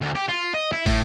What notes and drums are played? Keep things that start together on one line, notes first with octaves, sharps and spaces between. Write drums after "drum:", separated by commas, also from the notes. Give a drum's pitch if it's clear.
D2
G4
F4
D#5
E4
A2, drum: kick, open hi-hat